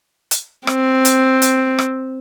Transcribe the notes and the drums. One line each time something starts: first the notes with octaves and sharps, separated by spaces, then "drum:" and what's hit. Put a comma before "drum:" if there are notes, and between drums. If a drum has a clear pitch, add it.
drum: hi-hat
C4, drum: rim click
drum: hi-hat
drum: hi-hat
drum: rim click